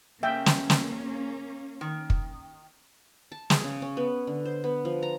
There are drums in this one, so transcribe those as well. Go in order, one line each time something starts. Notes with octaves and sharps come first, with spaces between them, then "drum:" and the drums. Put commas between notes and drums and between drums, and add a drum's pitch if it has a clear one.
C#3 A#3 C#4 E5 G5
drum: snare
drum: snare
D#3
drum: kick
A5
G#4, drum: snare
C#3
C#4
B3
D3
C5
B3
F3
A#5